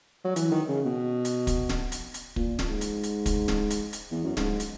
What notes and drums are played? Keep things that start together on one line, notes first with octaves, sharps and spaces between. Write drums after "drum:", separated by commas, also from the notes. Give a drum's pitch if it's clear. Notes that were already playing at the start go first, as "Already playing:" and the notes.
F#3
E3, drum: hi-hat
D#3
C#3
B2
drum: hi-hat
drum: kick, hi-hat
drum: snare
drum: hi-hat
drum: hi-hat
A#2, drum: kick
drum: snare
G#2
drum: hi-hat
drum: hi-hat
drum: kick, hi-hat
drum: snare
drum: hi-hat
drum: hi-hat
E2
F#2
G#2, drum: snare
drum: hi-hat